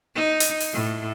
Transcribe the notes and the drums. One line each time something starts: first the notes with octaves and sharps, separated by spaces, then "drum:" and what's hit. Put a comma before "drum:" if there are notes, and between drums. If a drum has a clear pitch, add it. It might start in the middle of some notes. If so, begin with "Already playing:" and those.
D#4
drum: hi-hat
drum: open hi-hat
A2